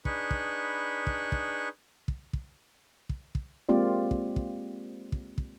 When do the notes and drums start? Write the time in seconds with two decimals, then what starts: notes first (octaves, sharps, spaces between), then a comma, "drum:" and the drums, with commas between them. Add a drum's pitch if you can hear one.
0.05 D4 D#4 G#4 B4 B5 C#6, drum: kick
0.31 drum: kick
1.07 drum: kick
1.32 drum: kick
2.08 drum: kick
2.33 drum: kick
3.09 drum: kick
3.35 drum: kick
3.69 G#3 A#3 C4 F4 G4 D5
4.11 drum: kick
4.36 drum: kick
5.12 drum: kick
5.38 drum: kick